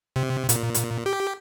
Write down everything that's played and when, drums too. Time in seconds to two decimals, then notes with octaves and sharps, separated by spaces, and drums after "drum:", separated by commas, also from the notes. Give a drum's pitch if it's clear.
0.16 C3
0.49 A#2, drum: hi-hat
0.74 drum: hi-hat
1.06 G4